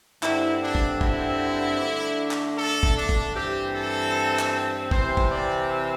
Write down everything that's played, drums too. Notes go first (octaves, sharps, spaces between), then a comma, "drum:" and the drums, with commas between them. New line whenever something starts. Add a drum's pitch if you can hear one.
G2 D3 C4 E4, drum: clap
D4
drum: kick
E4, drum: kick
D3 A3 D4
drum: clap
A4
drum: kick
D4
drum: kick
G2 E3 C4 G4
A4
drum: clap
C3 E3 C4 C5, drum: kick
drum: kick
D5